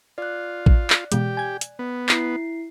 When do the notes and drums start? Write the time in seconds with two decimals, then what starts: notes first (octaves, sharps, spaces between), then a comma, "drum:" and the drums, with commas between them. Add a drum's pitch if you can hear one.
0.18 F4 D5 F#6
0.66 drum: kick
0.90 drum: clap
1.12 B2 E3 G#3 G4, drum: hi-hat
1.37 G#5 G#6
1.61 drum: hi-hat
1.79 B3
2.09 E4 C7, drum: clap